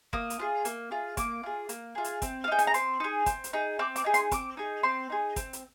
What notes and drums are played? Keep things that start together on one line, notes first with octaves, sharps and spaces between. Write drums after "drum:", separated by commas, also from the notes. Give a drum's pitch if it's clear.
A#3 D#6, drum: kick
drum: hi-hat
F4 G#4
A#3, drum: hi-hat
F4 G#4
A#3 D6, drum: kick, hi-hat
F4 G#4
A#3, drum: hi-hat
F4 G#4
drum: hi-hat
C4, drum: kick, hi-hat
F5
D#4 G#4 G5
G#5, drum: hi-hat
A#5
C4 C6, drum: hi-hat
D#4 G#4
C4, drum: kick, hi-hat
drum: hi-hat
D#4 G#4
C4 D6
D6, drum: hi-hat
D#4 G#4
C6, drum: hi-hat
C4 D6, drum: kick, hi-hat
D#4 G#4
C4 C6
D#4 G#4
C4, drum: kick, hi-hat
drum: hi-hat